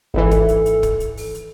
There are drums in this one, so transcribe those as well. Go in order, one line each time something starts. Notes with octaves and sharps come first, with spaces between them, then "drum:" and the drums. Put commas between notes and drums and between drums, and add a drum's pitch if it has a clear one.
G#1 E3 A4
drum: kick, hi-hat
drum: hi-hat
drum: hi-hat
drum: kick, hi-hat
drum: hi-hat
drum: open hi-hat
drum: hi-hat